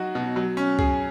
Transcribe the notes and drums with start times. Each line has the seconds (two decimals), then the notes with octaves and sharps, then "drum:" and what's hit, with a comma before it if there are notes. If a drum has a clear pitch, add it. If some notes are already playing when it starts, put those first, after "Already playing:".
Already playing: F#3 D#4 F#4
0.15 B2
0.36 F#3
0.57 C#4
0.79 G#4, drum: kick